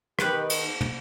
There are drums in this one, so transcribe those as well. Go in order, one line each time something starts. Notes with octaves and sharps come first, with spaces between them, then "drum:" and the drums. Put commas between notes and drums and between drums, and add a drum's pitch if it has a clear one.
D#3 B3 D#4 G4 B4, drum: rim click
drum: cymbal
drum: tom